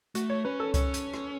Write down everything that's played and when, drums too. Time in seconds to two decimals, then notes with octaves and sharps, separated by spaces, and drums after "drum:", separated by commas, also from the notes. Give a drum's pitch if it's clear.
0.15 A3 F#4, drum: hi-hat
0.30 C#5
0.45 C#4 B4
0.60 A4
0.74 C#4 C#5, drum: kick C2, hi-hat
0.94 drum: hi-hat
1.14 drum: rim click